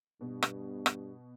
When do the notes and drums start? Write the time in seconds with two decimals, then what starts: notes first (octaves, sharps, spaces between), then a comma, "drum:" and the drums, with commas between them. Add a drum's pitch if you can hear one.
0.21 G2 B2
0.43 drum: rim click
0.86 drum: rim click